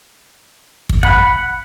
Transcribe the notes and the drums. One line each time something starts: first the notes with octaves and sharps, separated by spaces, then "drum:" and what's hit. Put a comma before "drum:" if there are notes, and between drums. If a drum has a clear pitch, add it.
drum: kick
F#5 B5, drum: kick